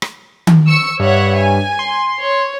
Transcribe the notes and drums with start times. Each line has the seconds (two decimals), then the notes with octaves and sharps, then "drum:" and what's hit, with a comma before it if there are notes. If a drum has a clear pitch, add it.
0.02 drum: rim click
0.47 drum: tom D#3
0.67 C#6 E6 C#7
1.00 G2 C#5 E5 F#5
1.37 G#5
1.79 C6
2.20 C#5